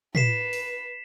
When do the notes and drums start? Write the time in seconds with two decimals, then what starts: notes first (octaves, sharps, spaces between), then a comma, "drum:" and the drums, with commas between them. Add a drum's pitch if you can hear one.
0.15 B4 B6 C7 E7, drum: tom
0.53 drum: open hi-hat